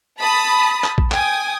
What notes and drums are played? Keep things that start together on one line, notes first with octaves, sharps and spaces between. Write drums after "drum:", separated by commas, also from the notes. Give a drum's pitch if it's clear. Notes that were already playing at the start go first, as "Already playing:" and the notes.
A5 B5 D#6
drum: clap
drum: kick
G5 G#5 D#6, drum: clap